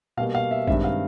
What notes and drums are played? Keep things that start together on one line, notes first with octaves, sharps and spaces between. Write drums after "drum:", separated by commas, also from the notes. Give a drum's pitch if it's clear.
B2 G3 A#3 F5
F5
E5
G2 D#3 G#3 C4 E5, drum: kick A#1
F5